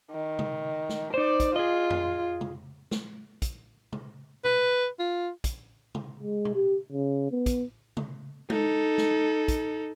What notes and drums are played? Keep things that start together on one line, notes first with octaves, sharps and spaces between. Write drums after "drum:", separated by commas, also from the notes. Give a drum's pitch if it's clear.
D#3
drum: tom C3
drum: snare
D#4 C5 D5
drum: kick, hi-hat
F4 G#4 D#5
drum: tom F2
drum: tom C3
drum: snare
drum: kick, hi-hat
drum: tom C3
B4, drum: tom B2
F4
drum: kick, hi-hat
drum: tom C3
G#3
drum: tom B2
G4
C#3
B3
drum: kick, hi-hat
drum: tom C3
D#4 A4, drum: tom G#3
drum: snare
drum: kick, hi-hat